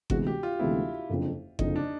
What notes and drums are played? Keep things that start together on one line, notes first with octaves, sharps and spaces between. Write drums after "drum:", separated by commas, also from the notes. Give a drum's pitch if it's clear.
D2 C3 E3 G#3 B3 F#4, drum: kick G1
G4
F4
D2 C3 E3 G#3 B3 E4
F#1 F2 D3
F#1 F2 D3 D#4, drum: kick G1
D4